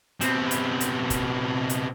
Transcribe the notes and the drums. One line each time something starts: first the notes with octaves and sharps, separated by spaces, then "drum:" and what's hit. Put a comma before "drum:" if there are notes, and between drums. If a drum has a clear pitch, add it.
B2 C4, drum: hi-hat
drum: hi-hat
drum: hi-hat
drum: kick, hi-hat
drum: hi-hat